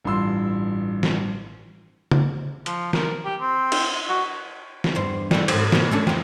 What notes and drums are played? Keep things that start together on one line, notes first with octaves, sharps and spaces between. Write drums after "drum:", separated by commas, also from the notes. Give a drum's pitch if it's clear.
A1 G2 F4 C6 E6
drum: snare
drum: tom
F3, drum: hi-hat
A#4, drum: snare
G4
C4
drum: cymbal
F#4
drum: snare
E2 G2 C5
D3 G3, drum: snare
G#2 C4, drum: cymbal
B2 A#3, drum: snare
A3 C#4 D4
F2 C4, drum: snare